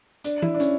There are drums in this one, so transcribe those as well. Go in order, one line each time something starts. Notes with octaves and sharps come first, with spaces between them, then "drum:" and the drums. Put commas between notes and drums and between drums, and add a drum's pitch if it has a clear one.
D4, drum: hi-hat
E4, drum: tom E3
D4
C#4, drum: hi-hat